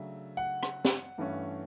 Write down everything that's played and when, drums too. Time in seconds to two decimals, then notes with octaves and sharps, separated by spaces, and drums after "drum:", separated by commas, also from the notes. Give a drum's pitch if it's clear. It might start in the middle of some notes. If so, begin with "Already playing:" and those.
Already playing: C#3 F#3 A3 D4 E5
0.37 F#5
0.63 drum: rim click
0.85 drum: snare
1.18 G2 E3 A3 C#4